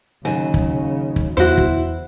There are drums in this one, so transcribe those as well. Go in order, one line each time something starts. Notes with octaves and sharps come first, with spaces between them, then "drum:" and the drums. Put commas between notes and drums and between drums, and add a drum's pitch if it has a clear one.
D#2 C#3 F#3 G#5
drum: kick
drum: kick
E2 E4 F#4 C5
drum: kick